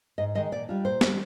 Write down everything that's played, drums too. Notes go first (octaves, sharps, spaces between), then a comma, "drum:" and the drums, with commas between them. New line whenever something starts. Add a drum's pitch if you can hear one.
G#2 D#5
D#3 G#3 D#5
A#2 D5
G3 D4 F4
A#2 C5
G3 D4, drum: snare